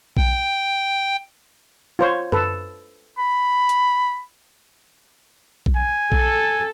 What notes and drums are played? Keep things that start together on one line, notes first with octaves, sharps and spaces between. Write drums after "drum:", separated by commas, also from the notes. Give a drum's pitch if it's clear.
G5, drum: kick B1
F4 C5 C#5
A4 B4, drum: tom F#2
B5
drum: hi-hat
drum: kick B1
G#5
A4, drum: kick B1